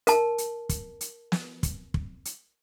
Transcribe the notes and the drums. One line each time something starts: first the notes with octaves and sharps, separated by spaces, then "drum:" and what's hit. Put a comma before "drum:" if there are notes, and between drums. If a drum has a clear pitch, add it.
A#4 A5, drum: hi-hat
drum: hi-hat
drum: kick, hi-hat
drum: hi-hat
drum: snare
drum: kick, hi-hat
drum: kick
drum: hi-hat